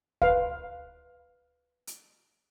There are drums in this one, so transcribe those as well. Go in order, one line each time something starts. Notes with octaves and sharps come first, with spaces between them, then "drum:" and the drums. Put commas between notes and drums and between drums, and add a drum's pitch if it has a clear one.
B4 F5, drum: kick D2
drum: hi-hat